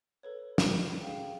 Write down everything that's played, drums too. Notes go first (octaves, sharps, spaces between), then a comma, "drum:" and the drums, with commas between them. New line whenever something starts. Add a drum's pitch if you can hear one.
A4 B4 C#5
drum: snare
G#4 F5 G5